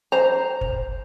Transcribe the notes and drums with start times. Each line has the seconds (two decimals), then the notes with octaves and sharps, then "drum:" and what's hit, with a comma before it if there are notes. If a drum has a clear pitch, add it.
0.12 C5 A#5
0.61 drum: kick